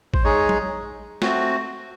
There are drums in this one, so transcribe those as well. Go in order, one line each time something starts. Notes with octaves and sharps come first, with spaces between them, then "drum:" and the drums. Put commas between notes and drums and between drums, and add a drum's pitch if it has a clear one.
C5, drum: kick A1
G#3 D#4 G#4 C#5
drum: tom
A3 C4 F#4, drum: snare